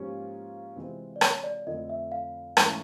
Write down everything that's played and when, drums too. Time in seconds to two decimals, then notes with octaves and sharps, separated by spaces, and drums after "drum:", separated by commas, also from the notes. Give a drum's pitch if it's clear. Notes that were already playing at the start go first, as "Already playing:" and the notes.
Already playing: G#2 F3 A#3 C#4 F4 G4
0.76 C3 E3 G#3 C4 F4
1.16 D5
1.21 C#5, drum: rim click
1.44 D5
1.66 F2 D3 F3 A3 D#5
1.90 E5
2.12 F5
2.57 G#2 E3 A3 C#4, drum: rim click